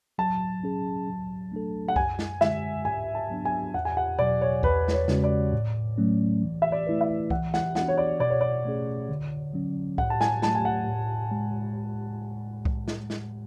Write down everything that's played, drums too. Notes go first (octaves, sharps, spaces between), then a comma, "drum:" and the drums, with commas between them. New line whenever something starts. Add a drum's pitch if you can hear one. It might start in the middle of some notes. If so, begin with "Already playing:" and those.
F#3 A5
C#4 G#4
F#3
A3 D4 A4
F#5
F#2 G#5, drum: kick C2
drum: snare
D3 G#3 E5, drum: snare
G#2 G#5
A5
F#3 B3 D4
G#5
E2 F#5
G#5
F#5
B2 F#3 D5
C#5
E2 B4, drum: kick C2
B4, drum: snare
C#5
C#3 G#3 C#4 F#4, drum: snare
D5
A2
F#3 A3 C#4
E3
E5
D5
A3 E4 B4
E5
E3 F#5, drum: kick C2
F#5, drum: snare
B3 D4 F#4 F#5, drum: snare
C#5
D5
B2 D5
C#5
D5
A3 C#4 G#4
D3
F#3 C#4
A2 F#5, drum: kick C2
A5
G#5, drum: snare
F#3 A3 A5, drum: snare
G#5
F#5
A2
G#3
drum: kick C2
drum: snare
drum: snare